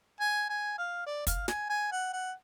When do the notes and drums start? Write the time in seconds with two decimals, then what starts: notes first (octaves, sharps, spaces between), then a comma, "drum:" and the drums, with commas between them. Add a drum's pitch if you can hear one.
0.20 G#5
0.50 G#5
0.78 F5
1.06 D5
1.27 F5, drum: kick, hi-hat
1.48 G#5, drum: snare
1.70 G#5
1.92 F#5
2.13 F#5